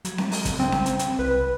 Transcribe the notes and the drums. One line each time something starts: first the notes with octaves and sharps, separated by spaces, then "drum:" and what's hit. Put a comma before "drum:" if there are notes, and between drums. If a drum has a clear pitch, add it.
F#3, drum: hi-hat
drum: snare C4
drum: open hi-hat
drum: kick, hi-hat
C#3 C4
drum: snare C4
drum: hi-hat
drum: hi-hat
C2 B4